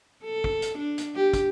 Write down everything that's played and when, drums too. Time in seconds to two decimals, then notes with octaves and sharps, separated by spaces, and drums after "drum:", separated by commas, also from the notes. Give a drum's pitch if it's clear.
0.24 A4
0.44 drum: kick
0.62 drum: hi-hat
0.78 D4
0.98 drum: hi-hat
1.16 G4
1.33 drum: kick, hi-hat